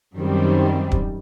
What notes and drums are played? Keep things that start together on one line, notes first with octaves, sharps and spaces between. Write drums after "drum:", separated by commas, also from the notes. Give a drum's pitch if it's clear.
F#2 D#3 G3 C4
drum: kick